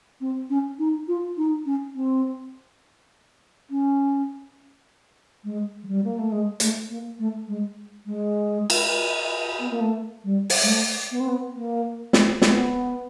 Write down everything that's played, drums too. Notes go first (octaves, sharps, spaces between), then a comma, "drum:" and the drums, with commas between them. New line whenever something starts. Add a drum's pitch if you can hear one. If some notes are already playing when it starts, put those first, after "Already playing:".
C4
C#4
D#4
F4
D#4
C#4
C4
C#4
G#3
F#3
G3
A#3
A3
G#3
A3, drum: hi-hat
A#3
A3
G#3
G#3
drum: cymbal
B3
A#3
A3
G3
drum: open hi-hat
G#3
A3
B3
C4
B3
A#3
drum: snare
B3, drum: snare